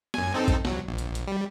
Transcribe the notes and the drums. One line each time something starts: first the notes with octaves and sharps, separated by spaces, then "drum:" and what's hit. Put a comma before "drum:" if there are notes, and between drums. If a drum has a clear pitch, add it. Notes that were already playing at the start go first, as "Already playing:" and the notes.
F#2 G#5, drum: snare B3
C4 D#4 A4
drum: kick, hi-hat
C2 F#3, drum: snare B3
A#1
drum: hi-hat
drum: hi-hat
G3